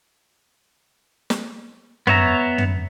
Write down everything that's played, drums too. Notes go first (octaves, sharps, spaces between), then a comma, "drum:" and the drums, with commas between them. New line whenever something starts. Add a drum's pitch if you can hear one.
drum: snare
B3 C#5 E5 A#5, drum: tom
drum: tom